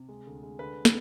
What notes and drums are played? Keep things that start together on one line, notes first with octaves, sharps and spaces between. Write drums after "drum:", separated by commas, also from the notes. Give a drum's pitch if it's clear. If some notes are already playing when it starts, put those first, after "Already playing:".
Already playing: C3
G#3
D2
G#3
D3 B4
drum: snare